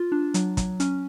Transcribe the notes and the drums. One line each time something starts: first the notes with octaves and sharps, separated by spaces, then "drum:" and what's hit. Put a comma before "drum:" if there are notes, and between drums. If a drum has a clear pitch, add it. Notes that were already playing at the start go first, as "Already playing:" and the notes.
Already playing: F4
D4
F#3, drum: hi-hat
F#3, drum: kick, hi-hat
C#4, drum: hi-hat